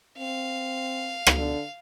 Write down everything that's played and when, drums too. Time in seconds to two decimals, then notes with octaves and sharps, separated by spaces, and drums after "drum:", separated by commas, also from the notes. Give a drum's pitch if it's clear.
0.18 C4 F5
1.27 drum: rim click
1.38 D3